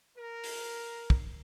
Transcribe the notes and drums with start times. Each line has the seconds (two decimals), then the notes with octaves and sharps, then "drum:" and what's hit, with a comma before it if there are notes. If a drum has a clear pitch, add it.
0.18 A#4
0.44 drum: open hi-hat
1.10 drum: kick